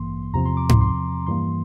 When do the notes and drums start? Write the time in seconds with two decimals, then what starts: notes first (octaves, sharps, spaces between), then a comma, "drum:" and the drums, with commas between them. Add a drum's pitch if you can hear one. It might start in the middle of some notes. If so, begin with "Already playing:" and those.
Already playing: A1 G2 E3 A#3 C6
0.34 E2 C3 F3 C4 A#5
0.45 C6
0.57 D6
0.69 C6, drum: tom G#2
0.81 C6
1.27 G2 E3 G3 A#3 C6